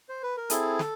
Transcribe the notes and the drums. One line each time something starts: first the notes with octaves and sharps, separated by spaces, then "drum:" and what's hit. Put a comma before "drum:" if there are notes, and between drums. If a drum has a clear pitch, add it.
C5
B4
A#4
C4 E4 G#4 A4, drum: hi-hat
drum: snare